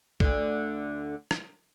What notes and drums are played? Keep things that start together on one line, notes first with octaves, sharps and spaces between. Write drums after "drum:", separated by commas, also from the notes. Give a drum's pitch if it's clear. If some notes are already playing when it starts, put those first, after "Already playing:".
D2 D3, drum: kick
drum: rim click